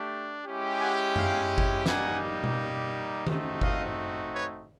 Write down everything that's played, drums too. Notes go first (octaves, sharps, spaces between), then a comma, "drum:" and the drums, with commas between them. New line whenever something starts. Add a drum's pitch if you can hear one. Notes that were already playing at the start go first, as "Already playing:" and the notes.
Already playing: A3 D4 G4
G#3 C#4 E4 G4
F#5 G#5
F5 G5, drum: tom F#2
drum: kick G1
G3 A#3 D#4 G4 F#5 G#5, drum: snare
drum: tom B2
A3 C4 D#4 F#4, drum: tom D#3
D#5 F5, drum: kick G1
B4 C#5